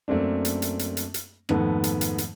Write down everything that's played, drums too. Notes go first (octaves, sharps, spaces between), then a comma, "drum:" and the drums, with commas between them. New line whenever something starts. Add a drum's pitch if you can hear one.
F#2 A3 A#3 C4 D4
drum: hi-hat
drum: hi-hat
drum: hi-hat
drum: hi-hat
drum: hi-hat
F2 G#2 D#3 A3 B3, drum: rim click
drum: hi-hat
drum: hi-hat
drum: hi-hat